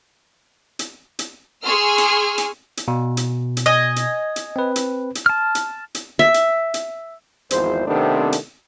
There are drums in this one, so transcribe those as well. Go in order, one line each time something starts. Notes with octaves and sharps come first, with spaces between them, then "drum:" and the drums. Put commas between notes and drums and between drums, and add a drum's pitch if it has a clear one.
drum: hi-hat
drum: hi-hat
G#4 G#5 C6 C#6 E6 F6
drum: hi-hat
drum: hi-hat
drum: hi-hat
B2
drum: hi-hat
drum: hi-hat
D#5 G#5
drum: hi-hat
drum: hi-hat
C4 B4
drum: hi-hat
drum: hi-hat
A5 F6
drum: hi-hat
drum: hi-hat
E5
drum: hi-hat
drum: hi-hat
G#1 E2 F3 E4 C5, drum: hi-hat
C3 D#3 A3 B3 C4 D4
drum: hi-hat